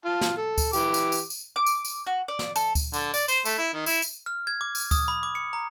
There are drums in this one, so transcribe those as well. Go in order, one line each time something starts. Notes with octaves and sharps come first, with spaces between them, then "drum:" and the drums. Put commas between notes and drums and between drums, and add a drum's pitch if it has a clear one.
F4 A5
drum: snare
A4
drum: kick D2, tambourine
E3 G4 D6, drum: tambourine
drum: tambourine
drum: tambourine
drum: tambourine
D6
drum: tambourine
drum: tambourine
F#4
D5
drum: snare
A4, drum: tambourine
drum: kick D2, tambourine
D3, drum: tambourine
D5, drum: tambourine
C5, drum: tambourine
A3, drum: tambourine
E4
D#3
E4, drum: tambourine
drum: tambourine
F6
G#6
D6
drum: tambourine
D#6, drum: kick D2, tambourine
B5
D6
C#7
A#5